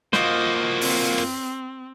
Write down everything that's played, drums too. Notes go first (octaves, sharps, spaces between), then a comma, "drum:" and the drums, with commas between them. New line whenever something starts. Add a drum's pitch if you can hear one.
A#3 F4 F#4 C5 D#5, drum: snare
C4, drum: open hi-hat
drum: rim click